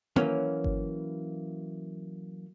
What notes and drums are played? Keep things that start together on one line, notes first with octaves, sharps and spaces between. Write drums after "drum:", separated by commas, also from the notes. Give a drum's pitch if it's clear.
E3 F#3 A#3 C#4, drum: tom A#3
drum: kick G1